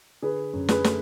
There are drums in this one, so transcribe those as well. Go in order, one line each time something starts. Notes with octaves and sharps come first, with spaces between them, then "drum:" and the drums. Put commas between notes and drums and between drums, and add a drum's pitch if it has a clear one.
D3 G#4 B4
F#2
G#4 B4, drum: snare
A3, drum: snare